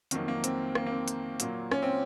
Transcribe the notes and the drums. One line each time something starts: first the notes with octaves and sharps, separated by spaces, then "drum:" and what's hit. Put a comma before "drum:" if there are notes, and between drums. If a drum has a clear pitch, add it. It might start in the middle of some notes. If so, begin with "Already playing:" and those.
F2 D#3 F#3 A#3, drum: hi-hat
A#3
C4, drum: hi-hat
A#3, drum: rim click
A#3
C4
drum: hi-hat
A#2 F#3 A#3, drum: hi-hat
C#4, drum: rim click
C4